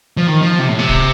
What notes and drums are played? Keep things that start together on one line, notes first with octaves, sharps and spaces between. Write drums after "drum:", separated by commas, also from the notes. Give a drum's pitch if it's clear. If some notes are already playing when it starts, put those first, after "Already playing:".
F3
D#3
F3
C3
A2
C3
drum: kick D1